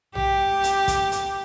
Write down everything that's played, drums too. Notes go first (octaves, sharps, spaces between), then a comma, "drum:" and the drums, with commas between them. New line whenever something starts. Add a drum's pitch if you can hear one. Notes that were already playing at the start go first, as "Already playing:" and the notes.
G4, drum: tom A#1
drum: hi-hat
drum: kick, hi-hat
drum: hi-hat